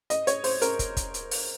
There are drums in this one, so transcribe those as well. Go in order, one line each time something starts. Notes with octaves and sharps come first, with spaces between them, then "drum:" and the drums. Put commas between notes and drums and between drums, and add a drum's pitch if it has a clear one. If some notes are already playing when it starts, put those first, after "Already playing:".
D#5, drum: hi-hat
C#5, drum: hi-hat
C5, drum: open hi-hat
A#4, drum: hi-hat
drum: kick, hi-hat
drum: kick, hi-hat
drum: hi-hat
drum: open hi-hat